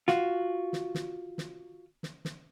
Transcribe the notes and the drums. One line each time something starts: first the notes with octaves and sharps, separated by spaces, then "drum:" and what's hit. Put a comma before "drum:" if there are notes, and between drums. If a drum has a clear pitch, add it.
F4 F#4, drum: snare
drum: snare
drum: snare
drum: snare
drum: snare
drum: snare